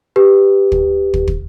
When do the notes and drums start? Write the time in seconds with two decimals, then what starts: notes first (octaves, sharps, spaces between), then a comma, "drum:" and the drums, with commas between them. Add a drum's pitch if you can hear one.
0.16 G4 B4
0.72 drum: kick
1.14 drum: kick
1.28 drum: kick